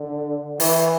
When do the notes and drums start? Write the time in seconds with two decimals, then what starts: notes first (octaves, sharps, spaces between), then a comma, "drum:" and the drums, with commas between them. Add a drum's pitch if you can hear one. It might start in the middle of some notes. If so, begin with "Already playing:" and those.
Already playing: D3
0.60 E3, drum: open hi-hat